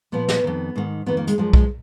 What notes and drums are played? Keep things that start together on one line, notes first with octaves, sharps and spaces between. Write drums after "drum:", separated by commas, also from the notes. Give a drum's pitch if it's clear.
A#2 F3 B3
B3, drum: snare
F2 D#3
G#2 D#3
F2 D#3 B3
A#3
G#3, drum: hi-hat
F#2 F3 G#3
G#3, drum: kick B1